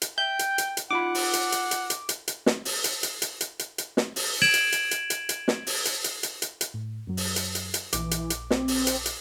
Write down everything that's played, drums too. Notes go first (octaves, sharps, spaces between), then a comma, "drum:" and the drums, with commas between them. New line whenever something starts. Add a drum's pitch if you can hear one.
drum: hi-hat
E5 G5 G6
drum: hi-hat
drum: hi-hat
drum: hi-hat
D#4 F4 F#5 B5 D6
drum: open hi-hat
drum: hi-hat
drum: hi-hat
drum: hi-hat
drum: hi-hat
drum: hi-hat
drum: hi-hat
drum: snare
drum: open hi-hat
drum: hi-hat
drum: hi-hat
drum: hi-hat
drum: hi-hat
drum: hi-hat
drum: hi-hat
drum: snare
drum: open hi-hat
G#6 D7 E7 F#7
drum: hi-hat
drum: hi-hat
drum: hi-hat
drum: hi-hat
drum: hi-hat
drum: snare
drum: open hi-hat
drum: hi-hat
drum: hi-hat
drum: hi-hat
drum: hi-hat
drum: hi-hat
A2
F#2 F#3
drum: open hi-hat
drum: hi-hat
drum: hi-hat
drum: hi-hat
A#1 E3 D6, drum: hi-hat
drum: hi-hat
drum: hi-hat
C4, drum: snare
drum: open hi-hat
drum: hi-hat
drum: hi-hat